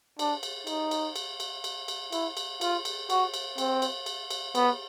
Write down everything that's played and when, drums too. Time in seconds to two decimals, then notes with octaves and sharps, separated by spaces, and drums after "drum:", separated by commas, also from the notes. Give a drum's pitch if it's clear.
0.19 D4, drum: cymbal
0.43 drum: cymbal
0.67 D#4, drum: cymbal
0.91 drum: cymbal
1.16 drum: cymbal
1.40 drum: cymbal
1.64 drum: cymbal
1.88 drum: cymbal
2.12 E4, drum: cymbal
2.37 drum: cymbal
2.61 F4, drum: cymbal
2.85 drum: cymbal
3.10 F#4, drum: cymbal
3.34 drum: cymbal
3.58 C4, drum: cymbal
3.82 drum: cymbal
4.06 drum: cymbal
4.30 drum: cymbal
4.55 B3, drum: cymbal